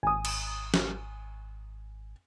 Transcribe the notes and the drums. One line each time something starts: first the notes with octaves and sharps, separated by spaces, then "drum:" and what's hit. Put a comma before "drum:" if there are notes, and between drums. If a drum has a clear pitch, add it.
G#1 G#5 D#6
drum: cymbal
drum: snare